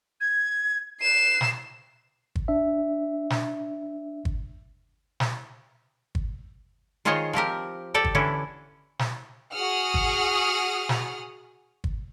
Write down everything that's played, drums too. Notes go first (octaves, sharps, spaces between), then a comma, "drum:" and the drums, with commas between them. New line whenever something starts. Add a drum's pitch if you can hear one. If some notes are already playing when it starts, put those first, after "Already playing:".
G#6
B4 C7 E7
drum: snare
drum: kick
D4 E5
drum: snare
drum: kick
drum: snare
drum: kick
D#3 F4 G#4 C5 C#5 D#5
F3 C4 G4 A#4
G4 A4 D5 G5
drum: kick
D3 E3 C#4 D4 E4
drum: snare
F#4 G#4 F#5 D#6 F6
drum: kick
drum: snare
drum: kick